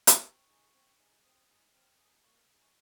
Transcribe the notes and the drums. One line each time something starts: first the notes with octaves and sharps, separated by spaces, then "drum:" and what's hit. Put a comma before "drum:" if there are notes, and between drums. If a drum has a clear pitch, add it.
drum: hi-hat
C4 C#6
D#4 G#4
C4
D#4 G#4
C4 D#6
D#4 G#4
C4 F6
D#4 G#4 D#6
A#3 C#6
F6
D#4 G#4 D#6
C#6